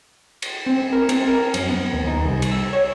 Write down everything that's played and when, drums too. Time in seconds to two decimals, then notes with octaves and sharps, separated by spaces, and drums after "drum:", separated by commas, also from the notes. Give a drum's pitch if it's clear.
0.42 drum: cymbal
0.66 C4
0.93 A#4
1.09 C4, drum: cymbal
1.27 A#4
1.54 F#2, drum: cymbal
1.69 B3
1.93 D#2
2.08 D#4
2.25 C2
2.42 drum: cymbal
2.51 E6
2.73 C#5